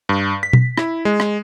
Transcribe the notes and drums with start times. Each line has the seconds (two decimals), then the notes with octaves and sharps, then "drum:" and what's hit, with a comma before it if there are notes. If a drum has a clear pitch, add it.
0.09 G2
0.43 B6
0.53 drum: tom B2
0.77 E4, drum: rim click
1.05 G#3
1.20 drum: rim click